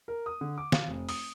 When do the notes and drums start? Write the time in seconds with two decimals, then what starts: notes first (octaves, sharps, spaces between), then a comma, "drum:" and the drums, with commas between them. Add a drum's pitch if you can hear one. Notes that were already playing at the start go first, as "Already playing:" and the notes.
0.08 A#4
0.26 D#6
0.41 D3
0.58 D6
0.72 F5, drum: snare
0.88 F1
1.09 D#6, drum: open hi-hat